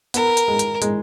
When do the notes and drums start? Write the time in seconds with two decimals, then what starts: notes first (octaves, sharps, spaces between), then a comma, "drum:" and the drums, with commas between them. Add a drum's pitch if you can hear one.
0.14 B3 A#4, drum: hi-hat
0.37 drum: hi-hat
0.48 G#3
0.59 drum: hi-hat
0.82 G#3, drum: hi-hat